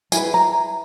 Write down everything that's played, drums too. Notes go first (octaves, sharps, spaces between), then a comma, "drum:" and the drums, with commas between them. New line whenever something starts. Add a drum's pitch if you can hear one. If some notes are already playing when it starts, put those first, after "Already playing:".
E4 G#4 B4 G#5, drum: tambourine
A#5